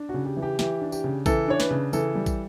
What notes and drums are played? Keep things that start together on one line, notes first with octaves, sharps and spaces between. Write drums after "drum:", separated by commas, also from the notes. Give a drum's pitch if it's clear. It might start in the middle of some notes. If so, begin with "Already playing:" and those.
Already playing: D4
F#4
C#3
G4
E3
G4
E3 G4, drum: snare
D4
G4, drum: tambourine
C#3
E3 A4, drum: kick, tambourine
D4 C#5
B4, drum: snare
C#3
E3 A4, drum: tambourine
G3
drum: kick, tambourine